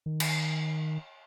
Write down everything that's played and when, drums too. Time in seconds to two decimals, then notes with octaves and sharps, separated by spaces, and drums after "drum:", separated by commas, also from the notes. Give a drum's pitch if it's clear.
0.06 D#3
0.20 drum: cymbal